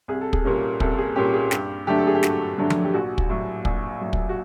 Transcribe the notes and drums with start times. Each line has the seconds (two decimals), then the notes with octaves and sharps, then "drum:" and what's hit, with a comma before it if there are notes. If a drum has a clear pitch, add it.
0.08 C2 G#4
0.21 A4
0.33 G#4, drum: kick
0.45 A#2 G3 A#3 C#4
0.80 C2 A4, drum: kick
0.98 G#4
1.16 A#2 G3 A#3 C#4 G4
1.34 G#4
1.51 G2 G4, drum: snare
1.87 D3 F#3 A3 D4 G4
1.98 A4
2.07 G#4
2.15 G4
2.23 G2 F#4, drum: snare
2.58 D3 F#3 A3 D4
2.70 drum: tom F3
2.84 G4
2.94 A#1 F#4
3.18 drum: kick
3.30 A2 F#3
3.65 A#1, drum: kick
4.01 A2 F#3
4.13 drum: kick
4.29 F#4